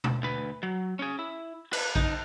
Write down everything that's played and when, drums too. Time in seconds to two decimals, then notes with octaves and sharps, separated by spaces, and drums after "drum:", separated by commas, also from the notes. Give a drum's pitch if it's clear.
0.04 drum: tom B2
0.23 D2 B4
0.63 F#3
0.99 C#4 G#4
1.19 E4
1.73 B4, drum: cymbal
1.95 D#4, drum: kick A#1